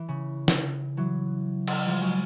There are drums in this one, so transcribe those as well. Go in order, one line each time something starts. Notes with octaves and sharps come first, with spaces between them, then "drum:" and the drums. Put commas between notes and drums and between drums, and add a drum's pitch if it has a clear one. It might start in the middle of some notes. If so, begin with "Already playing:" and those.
Already playing: E3
C#3
drum: snare
E3 F#3
drum: cymbal
F3 G3
F#3 G#3